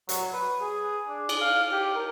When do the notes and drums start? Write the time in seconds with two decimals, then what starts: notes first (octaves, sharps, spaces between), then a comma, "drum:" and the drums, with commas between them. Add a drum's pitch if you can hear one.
0.09 F#3, drum: hi-hat
0.33 B4
0.61 G#4
1.08 D4
1.29 drum: cymbal
1.41 F5
1.72 G4
1.96 A#4